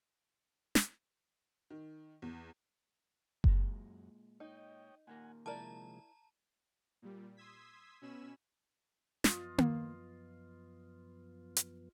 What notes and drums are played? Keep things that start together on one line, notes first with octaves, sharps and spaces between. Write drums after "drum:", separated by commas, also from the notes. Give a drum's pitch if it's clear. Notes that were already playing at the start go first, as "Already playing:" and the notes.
drum: snare
D#3
E2
F#2 A#2 G#3, drum: kick F#1
D#4 C#5 D#5 G5
A#2 D#3 A#3 F#5 G#5
C3 F3 G#3 E4 A#4 D5 A5 A#5
A#2 G3
C6 D#6 E6 G#6 B6
B2 C#4 G#5 B5 E6 E7
F#2 F3 B3 F4 D#5, drum: snare
drum: tom A#3
drum: hi-hat